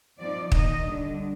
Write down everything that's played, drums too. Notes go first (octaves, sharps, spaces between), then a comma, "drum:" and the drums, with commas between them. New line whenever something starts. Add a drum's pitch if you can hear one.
F3 C4 D#4 D5
D#3 A#3 D#4 D#5, drum: kick
D3 G3 D4